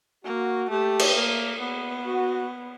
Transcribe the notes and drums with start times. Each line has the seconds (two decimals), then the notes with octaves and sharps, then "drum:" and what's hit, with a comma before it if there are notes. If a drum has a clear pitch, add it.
0.25 A#3 F#4
0.70 A3 G4
0.99 drum: cymbal
1.15 A#3
1.60 B3
2.05 F#4